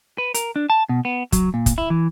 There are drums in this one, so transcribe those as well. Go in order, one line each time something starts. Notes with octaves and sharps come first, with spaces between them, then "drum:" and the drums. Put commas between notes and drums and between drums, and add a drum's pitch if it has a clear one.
B4
A#4, drum: hi-hat
D4
A5
B2
B3
F#3, drum: kick, hi-hat
A#2
drum: kick, hi-hat
E4
E3